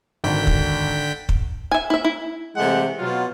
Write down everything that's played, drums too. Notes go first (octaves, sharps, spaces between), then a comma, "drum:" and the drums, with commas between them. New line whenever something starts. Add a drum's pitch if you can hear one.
G#1 D3 A4 G5 B6
drum: kick
drum: kick
E5 G#5
E4 E5
E4
C3 E3 G#3 A3 G4 F#5
B2 F#3 F4